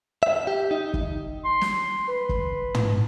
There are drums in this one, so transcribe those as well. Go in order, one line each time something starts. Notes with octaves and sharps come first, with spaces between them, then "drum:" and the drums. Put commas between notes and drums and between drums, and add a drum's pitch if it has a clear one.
E5
G4
D#4
drum: kick
C6
drum: snare
B4
drum: kick
drum: tom